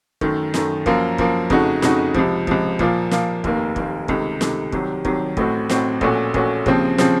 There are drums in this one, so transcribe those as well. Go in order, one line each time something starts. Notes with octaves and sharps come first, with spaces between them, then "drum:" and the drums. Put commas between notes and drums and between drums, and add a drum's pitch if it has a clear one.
F#2 D#3 A3, drum: kick
F#2 D#3 A3, drum: snare
F#2 F3 A#3, drum: kick
F#2 F3 A#3, drum: kick
F2 C#3 A3 D#4 F#4, drum: kick
F2 C#3 A3 D#4 F#4, drum: snare
C#2 C3 F3, drum: kick
C#2 C3 F3, drum: kick
A#2 F3 A#3 F4, drum: kick
A#2 F3 A#3 F4, drum: snare
F1 D#2 D#3 A#3, drum: kick
F1 D#2 D#3 A#3, drum: kick
C#2 C3 D#3 A3, drum: kick
C#2 C3 D#3 A3, drum: snare
C2 C3 D#3 F#3, drum: kick
C2 C3 D#3 F#3, drum: kick
A1 A2 A3 C4 F#4, drum: kick
A1 A2 A3 C4 F#4, drum: snare
A#1 A#2 A3 C#4 F#4, drum: kick
A#1 A#2 A3 C#4 F#4, drum: kick
D#2 C#3 F3 C4, drum: kick
C#3 F3 C4, drum: snare